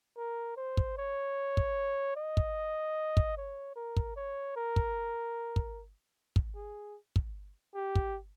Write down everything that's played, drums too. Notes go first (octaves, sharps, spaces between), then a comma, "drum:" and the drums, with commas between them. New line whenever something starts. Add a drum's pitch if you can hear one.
A#4
C5
drum: kick
C#5
drum: kick
D#5
drum: kick
drum: kick
C#5
A#4
drum: kick
C#5
A#4
drum: kick
drum: kick
drum: kick
G#4
drum: kick
G4
drum: kick